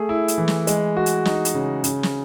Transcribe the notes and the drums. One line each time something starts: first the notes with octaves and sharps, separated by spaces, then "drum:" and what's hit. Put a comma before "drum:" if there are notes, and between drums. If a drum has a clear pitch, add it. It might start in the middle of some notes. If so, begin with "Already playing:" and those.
Already playing: A3 G#4
E4
drum: hi-hat
E3
drum: snare
G#3, drum: hi-hat
F#4
drum: hi-hat
D#4, drum: snare
drum: hi-hat
C#3
C#3, drum: hi-hat
drum: snare